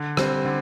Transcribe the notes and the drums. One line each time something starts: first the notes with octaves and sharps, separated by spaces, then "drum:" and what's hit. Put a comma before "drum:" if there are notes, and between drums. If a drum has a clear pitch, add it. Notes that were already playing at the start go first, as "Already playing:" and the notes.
Already playing: D3
G3 C4, drum: rim click
D3